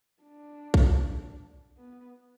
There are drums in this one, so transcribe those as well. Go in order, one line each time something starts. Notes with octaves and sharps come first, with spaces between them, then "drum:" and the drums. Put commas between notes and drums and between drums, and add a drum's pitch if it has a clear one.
D4
drum: kick A#1
B3